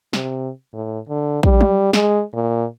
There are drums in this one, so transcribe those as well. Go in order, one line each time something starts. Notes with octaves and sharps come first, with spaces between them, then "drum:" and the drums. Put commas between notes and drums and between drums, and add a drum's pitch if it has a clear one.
C3, drum: snare
A2
D3
G3, drum: kick
drum: tom F#3
G#3, drum: snare
A#2